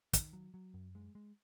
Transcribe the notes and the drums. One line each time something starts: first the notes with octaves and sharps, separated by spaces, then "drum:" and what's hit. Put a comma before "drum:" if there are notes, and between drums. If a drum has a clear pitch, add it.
D#3, drum: kick, hi-hat
F#3
F#3
F#2
G#3
G#3